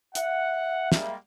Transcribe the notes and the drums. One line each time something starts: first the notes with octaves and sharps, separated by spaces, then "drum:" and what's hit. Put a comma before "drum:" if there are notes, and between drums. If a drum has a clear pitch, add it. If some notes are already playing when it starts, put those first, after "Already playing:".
E5 F#5, drum: hi-hat
G3 G#3 A#3, drum: snare